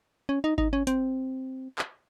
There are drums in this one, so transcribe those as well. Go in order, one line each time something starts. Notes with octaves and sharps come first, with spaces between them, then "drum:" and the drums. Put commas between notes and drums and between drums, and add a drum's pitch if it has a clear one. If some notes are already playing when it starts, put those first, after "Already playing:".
C#4
D#4
D#4, drum: kick G#1
C#4
C4, drum: hi-hat
drum: clap